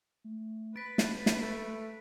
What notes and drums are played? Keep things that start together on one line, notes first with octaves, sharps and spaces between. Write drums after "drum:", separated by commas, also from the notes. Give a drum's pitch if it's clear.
A3
B4 A6 B6 D7
drum: snare
drum: snare
A3